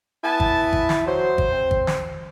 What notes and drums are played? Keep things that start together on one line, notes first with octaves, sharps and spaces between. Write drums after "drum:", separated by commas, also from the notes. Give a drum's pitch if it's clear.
B3 E4 G#5 A5
drum: kick G#1
drum: kick G#1
drum: snare
F#3 C5
drum: kick G#1
C4
drum: kick G#1
drum: snare